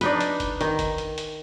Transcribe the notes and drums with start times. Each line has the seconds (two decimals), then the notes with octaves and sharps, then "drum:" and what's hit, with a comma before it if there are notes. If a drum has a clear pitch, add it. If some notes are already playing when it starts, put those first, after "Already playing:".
0.01 D4 D#4 B4, drum: hi-hat
0.21 drum: hi-hat
0.40 drum: kick G1, hi-hat
0.61 D#3, drum: hi-hat
0.79 drum: kick G1, hi-hat
0.98 drum: hi-hat
1.18 drum: hi-hat